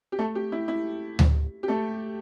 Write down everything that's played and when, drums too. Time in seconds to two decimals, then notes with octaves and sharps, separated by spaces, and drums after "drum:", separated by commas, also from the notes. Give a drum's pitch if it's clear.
0.12 G4
0.19 A3 A4
0.35 G4
0.52 E4
0.68 E4
1.19 drum: tom D2
1.63 G4
1.68 A3 A4